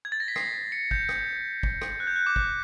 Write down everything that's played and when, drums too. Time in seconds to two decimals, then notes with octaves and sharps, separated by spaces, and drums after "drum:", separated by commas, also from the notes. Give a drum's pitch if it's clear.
0.05 G#6
0.12 A6
0.20 A#6
0.28 B6
0.36 C7, drum: rim click
0.72 C#7
0.91 G6, drum: kick
1.09 drum: rim click
1.63 drum: kick
1.81 drum: rim click
2.00 F#6
2.07 G6
2.16 F#6
2.26 D6
2.36 drum: kick